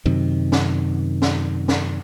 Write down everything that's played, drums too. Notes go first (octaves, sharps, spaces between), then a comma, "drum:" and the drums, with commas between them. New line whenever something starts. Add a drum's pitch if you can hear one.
F#2 C3 D#3
drum: snare
drum: snare
drum: snare